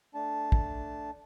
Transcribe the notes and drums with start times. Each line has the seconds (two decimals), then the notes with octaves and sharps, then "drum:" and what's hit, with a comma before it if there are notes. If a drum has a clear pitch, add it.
0.15 A3 D4 A5
0.52 drum: kick